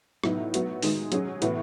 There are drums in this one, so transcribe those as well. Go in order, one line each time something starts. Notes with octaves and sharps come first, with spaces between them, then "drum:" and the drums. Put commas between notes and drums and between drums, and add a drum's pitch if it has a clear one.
A2 F#3 B3 D#4, drum: rim click
F#3 B3 F#4, drum: hi-hat
D#3 G#3 D#4 G#4, drum: open hi-hat
F#3 C#4 G#4, drum: hi-hat
A2 E3 B3 F#4, drum: hi-hat